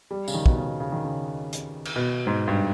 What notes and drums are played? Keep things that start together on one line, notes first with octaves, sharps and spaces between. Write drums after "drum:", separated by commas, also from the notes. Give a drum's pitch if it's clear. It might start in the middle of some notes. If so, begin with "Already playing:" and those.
G3
C#3, drum: tambourine
D#3
B2, drum: kick
C#3
C#3
D#3
C#3
drum: hi-hat
drum: cymbal
B2
G#2
G2